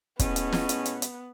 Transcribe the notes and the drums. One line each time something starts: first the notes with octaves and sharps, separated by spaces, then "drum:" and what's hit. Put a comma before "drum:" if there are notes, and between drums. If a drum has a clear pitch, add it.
A2 G#3 B3 C#4, drum: kick, hi-hat
drum: hi-hat
drum: snare
drum: hi-hat
drum: hi-hat
drum: hi-hat